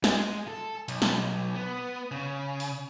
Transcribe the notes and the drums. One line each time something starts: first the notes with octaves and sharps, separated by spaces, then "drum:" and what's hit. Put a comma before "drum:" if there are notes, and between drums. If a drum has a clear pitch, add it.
G#3, drum: snare
A4
B1, drum: hi-hat
drum: snare
B3
C#3
drum: open hi-hat